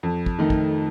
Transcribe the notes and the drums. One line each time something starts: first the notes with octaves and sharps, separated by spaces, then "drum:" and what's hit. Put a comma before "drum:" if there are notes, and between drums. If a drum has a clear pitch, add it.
F2
drum: kick
D#3 A3 D#4
drum: kick